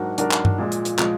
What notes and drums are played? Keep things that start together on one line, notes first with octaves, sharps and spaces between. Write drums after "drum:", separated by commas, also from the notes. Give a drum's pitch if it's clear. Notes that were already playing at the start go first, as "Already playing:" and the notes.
Already playing: G#2 F#3 D4 F#4 A#4
G#2 F#3 D4 F#4 A#4, drum: hi-hat
drum: clap
drum: tom G2
A#2 F3 G#3
drum: hi-hat
drum: hi-hat
A#2 F3 G#3, drum: clap